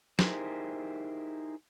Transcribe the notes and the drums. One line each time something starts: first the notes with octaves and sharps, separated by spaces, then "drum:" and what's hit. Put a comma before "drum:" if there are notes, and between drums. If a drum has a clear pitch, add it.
D#4 E4 G4 G#4 A#4 C5, drum: snare